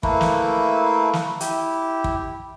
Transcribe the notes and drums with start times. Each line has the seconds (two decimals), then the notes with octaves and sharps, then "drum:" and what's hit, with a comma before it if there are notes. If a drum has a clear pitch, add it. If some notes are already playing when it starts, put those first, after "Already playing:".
0.03 A3 A#3 E4 B4, drum: kick
0.21 drum: snare
1.13 drum: snare
1.40 E4 G4, drum: hi-hat
2.04 drum: kick